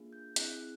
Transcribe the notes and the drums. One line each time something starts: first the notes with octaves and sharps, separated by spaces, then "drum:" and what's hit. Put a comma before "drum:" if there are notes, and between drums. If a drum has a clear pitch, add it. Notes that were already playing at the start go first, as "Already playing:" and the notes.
Already playing: A#3 D4 F4 G#4
G6
C4 E4 G#4 F#6, drum: hi-hat